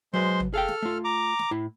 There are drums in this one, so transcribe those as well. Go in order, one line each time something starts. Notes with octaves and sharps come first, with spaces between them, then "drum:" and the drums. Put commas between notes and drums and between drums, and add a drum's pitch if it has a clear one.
F#3 G#3 B4 C5 C6
drum: tom
G#4 A4 F5 G5 F6
drum: snare
A3 F4
A#5 D6
drum: snare
A2 E4